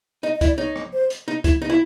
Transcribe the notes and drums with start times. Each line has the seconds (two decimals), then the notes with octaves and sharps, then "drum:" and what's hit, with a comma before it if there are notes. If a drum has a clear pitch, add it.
0.23 D#4 D#5
0.35 D#5
0.41 E4, drum: kick C#2, hi-hat
0.47 D5
0.58 D#4 C#5
0.76 drum: rim click
0.93 C5
1.10 drum: hi-hat
1.28 D#4
1.44 E4, drum: kick C#2, hi-hat
1.62 D#4
1.70 E4